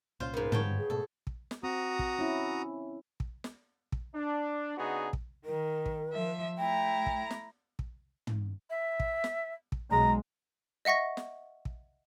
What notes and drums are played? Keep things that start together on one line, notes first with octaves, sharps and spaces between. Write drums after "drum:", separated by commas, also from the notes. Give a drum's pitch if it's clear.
C2 A#2 C#4 F4 C5
G#2 B3 A#4
G#2 D3 G3 C#5 G5 A5, drum: tom
G#4
G#2 B2 A3 A4
drum: kick
drum: snare
C4 F#4 A#5 D#6
drum: kick
C#4 E4
drum: kick
drum: snare
drum: kick
D4
C#3 B3 D4 D#4 F#4 G#4
drum: kick
D#3 A#4
drum: kick
F3 E5
A3 E4 G5 A#5
drum: kick
drum: snare
drum: kick
drum: tom
E5
drum: kick
drum: snare
drum: kick
B1 G#3 A#5
D#5 E5 F#5 C#6 A#6
drum: snare
drum: kick